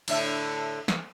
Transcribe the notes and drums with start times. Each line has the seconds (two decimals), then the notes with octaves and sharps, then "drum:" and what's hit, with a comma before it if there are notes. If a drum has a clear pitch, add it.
0.08 A2 D3 E5, drum: cymbal
0.88 drum: snare